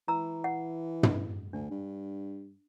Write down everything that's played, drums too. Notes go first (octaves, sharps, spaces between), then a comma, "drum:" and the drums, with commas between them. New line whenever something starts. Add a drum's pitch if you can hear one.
E3 A#5 E6
F#5
drum: tom
D2 D4
G2